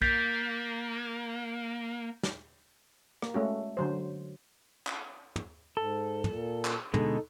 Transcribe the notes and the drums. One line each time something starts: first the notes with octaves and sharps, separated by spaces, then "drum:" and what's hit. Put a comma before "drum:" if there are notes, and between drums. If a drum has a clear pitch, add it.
A#3 G6 A6 B6, drum: kick B1
drum: snare
A#3, drum: rim click
G#3 A3 C#4 F#4
D3 F#3 C5
drum: clap
drum: tom
G#2 A4
A#2, drum: tom
drum: clap
B2 D3 G#3 D#4 A4, drum: tom